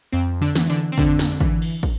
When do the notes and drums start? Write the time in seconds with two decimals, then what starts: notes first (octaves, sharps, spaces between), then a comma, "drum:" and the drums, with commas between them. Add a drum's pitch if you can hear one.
0.12 F2 C4
0.41 D3 D4
0.55 E3, drum: snare
0.70 D3 D4
0.92 C4
0.98 F2 D3 D4, drum: kick
1.19 drum: snare
1.40 E3, drum: kick
1.62 drum: cymbal
1.83 drum: kick